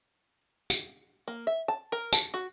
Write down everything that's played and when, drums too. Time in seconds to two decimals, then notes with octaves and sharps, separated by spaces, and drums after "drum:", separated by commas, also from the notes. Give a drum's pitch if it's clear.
0.70 drum: tambourine
1.28 A#3
1.47 E5
1.68 A5
1.92 A#4
2.13 A5, drum: tambourine
2.34 F#4